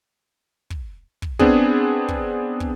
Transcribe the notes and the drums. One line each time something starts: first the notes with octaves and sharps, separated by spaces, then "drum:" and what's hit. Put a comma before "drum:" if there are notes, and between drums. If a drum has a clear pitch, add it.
drum: kick
drum: kick
B3 C4 D4 G#4, drum: kick
drum: kick
drum: kick